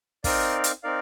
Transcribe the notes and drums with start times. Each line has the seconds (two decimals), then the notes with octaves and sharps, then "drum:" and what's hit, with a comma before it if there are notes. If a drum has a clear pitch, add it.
0.24 C4 D#4 A#4 D5 F5, drum: kick, open hi-hat
0.64 drum: hi-hat
0.83 C4 D#4 A#4 D5 F5